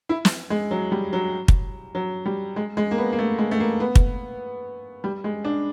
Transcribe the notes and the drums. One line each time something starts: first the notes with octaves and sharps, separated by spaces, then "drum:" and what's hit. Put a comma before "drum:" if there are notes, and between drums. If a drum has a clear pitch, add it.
E4
drum: snare
G#3
F#3
G3
F#3
drum: kick
F#3
G3
G#3
G#3
A#3
B3
A#3
A3
G#3
A3
A#3
B3
drum: kick
G3
G#3
D4